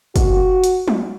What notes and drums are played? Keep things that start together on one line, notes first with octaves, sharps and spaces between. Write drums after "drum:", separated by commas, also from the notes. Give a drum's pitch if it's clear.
F#4, drum: kick, hi-hat
drum: hi-hat
drum: tom F#3